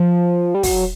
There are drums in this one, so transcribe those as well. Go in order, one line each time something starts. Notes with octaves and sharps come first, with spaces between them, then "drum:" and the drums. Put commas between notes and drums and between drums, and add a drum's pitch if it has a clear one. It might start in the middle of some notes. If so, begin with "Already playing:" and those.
Already playing: F3
G3
F#3, drum: kick, open hi-hat